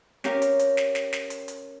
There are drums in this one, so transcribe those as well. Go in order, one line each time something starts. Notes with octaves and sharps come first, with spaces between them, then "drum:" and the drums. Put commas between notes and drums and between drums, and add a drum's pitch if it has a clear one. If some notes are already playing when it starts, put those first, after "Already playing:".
C#4 G4 A#4 F5, drum: snare
drum: hi-hat
drum: hi-hat
drum: snare
drum: snare
drum: snare
drum: hi-hat
drum: hi-hat